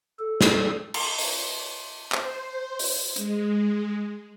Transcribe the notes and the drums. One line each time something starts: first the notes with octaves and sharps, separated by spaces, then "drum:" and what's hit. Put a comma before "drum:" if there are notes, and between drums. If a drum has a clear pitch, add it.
A4
drum: snare
drum: cymbal
drum: open hi-hat
C5, drum: clap
drum: open hi-hat
G#3, drum: hi-hat